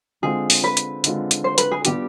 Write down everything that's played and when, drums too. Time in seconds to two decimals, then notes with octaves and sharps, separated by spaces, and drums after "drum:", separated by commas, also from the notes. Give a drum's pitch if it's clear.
0.22 D3 G#3 C4 F4 G#4
0.50 drum: open hi-hat
0.64 B4
0.77 drum: hi-hat
1.04 D3 G#3 C4 F4, drum: hi-hat
1.31 drum: hi-hat
1.44 C5
1.58 B4, drum: hi-hat
1.71 G#4
1.85 G3 B3 D4 F4 G4, drum: hi-hat